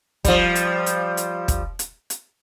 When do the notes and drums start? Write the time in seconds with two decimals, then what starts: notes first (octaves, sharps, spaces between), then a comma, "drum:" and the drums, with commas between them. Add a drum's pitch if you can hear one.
0.25 F3 G3, drum: kick, hi-hat
0.55 drum: hi-hat
0.86 drum: hi-hat
1.17 drum: hi-hat
1.48 drum: kick, hi-hat
1.79 drum: hi-hat
2.10 drum: hi-hat